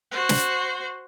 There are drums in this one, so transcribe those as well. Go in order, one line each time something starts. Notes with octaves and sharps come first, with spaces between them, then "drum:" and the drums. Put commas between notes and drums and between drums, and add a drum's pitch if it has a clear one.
F#4 C5
drum: snare